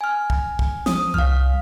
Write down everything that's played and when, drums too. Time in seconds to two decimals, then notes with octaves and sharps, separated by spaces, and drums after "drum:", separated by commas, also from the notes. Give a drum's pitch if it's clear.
0.01 G#5 F6
0.30 drum: kick
0.59 drum: kick
0.86 F3 D#6, drum: snare
1.14 C2 F5 F6